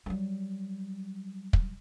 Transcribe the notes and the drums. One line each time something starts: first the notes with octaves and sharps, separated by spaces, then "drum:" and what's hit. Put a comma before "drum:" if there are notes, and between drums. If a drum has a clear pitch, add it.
F#3 G3
drum: kick